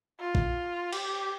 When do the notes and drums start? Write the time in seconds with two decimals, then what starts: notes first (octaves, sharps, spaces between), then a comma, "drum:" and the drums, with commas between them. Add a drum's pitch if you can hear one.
0.20 F4
0.35 drum: kick
0.93 G4, drum: cymbal